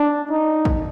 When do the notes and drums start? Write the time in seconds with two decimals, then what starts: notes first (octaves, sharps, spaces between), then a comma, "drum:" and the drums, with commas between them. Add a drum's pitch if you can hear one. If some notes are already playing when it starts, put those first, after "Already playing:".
Already playing: D4
0.31 D#4
0.65 drum: kick A1